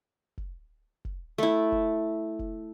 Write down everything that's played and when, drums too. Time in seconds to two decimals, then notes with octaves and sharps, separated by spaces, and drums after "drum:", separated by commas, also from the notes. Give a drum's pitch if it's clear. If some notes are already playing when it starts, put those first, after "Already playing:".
0.38 drum: kick
1.05 drum: kick
1.38 A3 E4
1.72 drum: kick
2.39 drum: kick